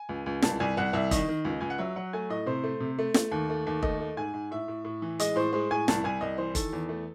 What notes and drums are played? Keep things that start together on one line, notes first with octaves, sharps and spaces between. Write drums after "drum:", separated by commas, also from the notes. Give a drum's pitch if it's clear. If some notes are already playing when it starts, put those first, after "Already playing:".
Already playing: G#5
C#2
C#2
C2 A5, drum: snare
C2 G#5
C2 F#5
C2 E5
D#3 D#5, drum: kick, hi-hat
D#3
C#2
C#2 G#5
F#5
F#3 E5
F#3 F#5
A3 G#5
A2 D#5
C3 C5
A3
C3
A3
A3, drum: snare
D#2
A3
D#2
A3 D#5, drum: kick
A3
G#2 G#5
G#2
A2 E5
A2
A2
E3
G#3 D#5, drum: hi-hat
A2 C5
G#3 C5
A2 G#5
C2 A5, drum: snare
C2 G#5
C2 D#5
E3 C5
D#3 A4, drum: kick, hi-hat
E2
A3